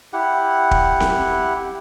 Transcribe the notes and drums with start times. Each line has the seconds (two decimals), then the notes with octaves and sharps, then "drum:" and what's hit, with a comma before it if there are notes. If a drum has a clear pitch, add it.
0.13 E4 G4 F#5
0.71 drum: kick
1.00 drum: snare C4